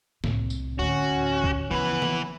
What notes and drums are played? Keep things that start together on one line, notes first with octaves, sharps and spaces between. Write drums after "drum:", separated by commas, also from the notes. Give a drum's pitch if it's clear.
C2 A2, drum: snare
drum: tambourine
D2 A2 C#4 F#4
drum: kick
C#3 E3 F3 B3 B4
drum: snare